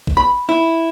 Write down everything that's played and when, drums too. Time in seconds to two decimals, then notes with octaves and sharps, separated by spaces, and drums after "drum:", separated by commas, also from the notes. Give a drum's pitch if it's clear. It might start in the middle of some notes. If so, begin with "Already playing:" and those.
0.07 drum: kick A1
0.17 B5
0.49 E4